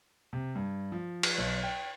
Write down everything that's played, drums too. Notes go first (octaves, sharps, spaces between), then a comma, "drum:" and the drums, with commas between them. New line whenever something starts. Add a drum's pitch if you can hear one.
C3
G2
F3
drum: cymbal
B1
G5